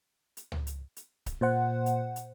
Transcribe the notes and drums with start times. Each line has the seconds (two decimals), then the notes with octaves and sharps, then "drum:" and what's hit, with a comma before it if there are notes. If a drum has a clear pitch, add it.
0.37 drum: hi-hat
0.52 drum: tom C#2
0.67 drum: hi-hat
0.96 drum: hi-hat
1.26 drum: kick C#1, hi-hat
1.41 A#2 C5 F#5
1.86 drum: hi-hat
2.16 drum: hi-hat